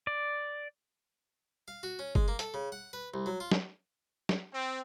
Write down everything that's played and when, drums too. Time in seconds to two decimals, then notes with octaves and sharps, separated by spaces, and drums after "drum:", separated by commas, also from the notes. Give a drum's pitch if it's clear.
0.07 D5
1.68 F5
1.83 F#4
1.99 C#4
2.15 G#3, drum: kick F#1
2.28 A#3
2.39 A4, drum: hi-hat
2.54 C#3
2.72 F#5
2.93 B4
3.14 C2
3.26 F#3
3.40 F4
3.51 drum: snare
4.29 drum: snare
4.52 C4